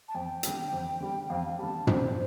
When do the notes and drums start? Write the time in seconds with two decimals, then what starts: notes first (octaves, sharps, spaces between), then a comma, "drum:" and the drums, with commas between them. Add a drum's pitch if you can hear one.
0.09 A5
0.15 F2 G5
0.43 D3 G3, drum: hi-hat
0.72 F2
1.00 D3 G3
1.30 F2 F5
1.58 D3 G3 A5
1.87 F2 C5, drum: tom